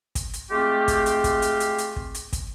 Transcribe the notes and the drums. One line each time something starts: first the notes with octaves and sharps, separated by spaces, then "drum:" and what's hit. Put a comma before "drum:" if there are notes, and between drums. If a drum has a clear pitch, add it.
drum: kick, hi-hat
drum: hi-hat
G#3 A3 C4 F4 G4
drum: kick, hi-hat
drum: hi-hat
drum: kick, hi-hat
drum: hi-hat
drum: hi-hat
drum: hi-hat
drum: kick
drum: hi-hat
drum: kick, hi-hat